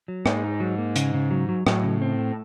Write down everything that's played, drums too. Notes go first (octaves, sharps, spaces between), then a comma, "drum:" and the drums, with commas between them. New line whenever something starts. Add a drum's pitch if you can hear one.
F#3
G#2 A#3, drum: rim click
D#4
F#3
A#3
C#3, drum: hi-hat
C#3
F#3
F#3
A2 F#3, drum: rim click
C#3
C4
A3